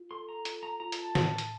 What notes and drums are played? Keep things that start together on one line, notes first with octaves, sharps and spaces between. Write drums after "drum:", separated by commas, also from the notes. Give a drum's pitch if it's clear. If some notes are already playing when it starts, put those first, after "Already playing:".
Already playing: F4
A4 C6
A#5
F4, drum: hi-hat
A#5
F4 A#5
A#5, drum: hi-hat
A5
A2, drum: snare
drum: hi-hat